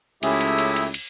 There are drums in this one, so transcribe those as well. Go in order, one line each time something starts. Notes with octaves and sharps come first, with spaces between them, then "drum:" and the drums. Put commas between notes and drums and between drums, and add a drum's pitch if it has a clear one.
C#2 A3 C#4 E4 G4 G#4 E5, drum: cymbal
drum: cymbal
drum: cymbal
drum: cymbal
drum: cymbal